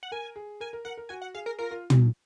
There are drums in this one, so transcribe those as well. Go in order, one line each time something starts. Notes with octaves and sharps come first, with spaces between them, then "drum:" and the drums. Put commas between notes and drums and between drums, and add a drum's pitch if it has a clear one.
F#5
A#4 G#5
G#4
A#4 G#5
A#4
A#4 F#5
A#4
F#4 G#5
F#5
G#4 F5
A#4
F4 A#4
F4
drum: tom